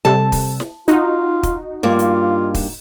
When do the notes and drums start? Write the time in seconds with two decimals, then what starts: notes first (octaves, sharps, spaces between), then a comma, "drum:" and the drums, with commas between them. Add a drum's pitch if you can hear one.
0.05 C3 G3 A4 A5
0.32 drum: kick, open hi-hat
0.60 drum: snare
0.88 D#4 F4 F#4, drum: hi-hat
1.43 drum: kick, hi-hat
1.83 G2 A#3 F4
1.99 drum: hi-hat
2.54 drum: kick, open hi-hat